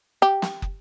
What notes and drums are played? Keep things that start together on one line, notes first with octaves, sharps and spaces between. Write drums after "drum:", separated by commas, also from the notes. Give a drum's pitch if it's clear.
G4
drum: snare
drum: kick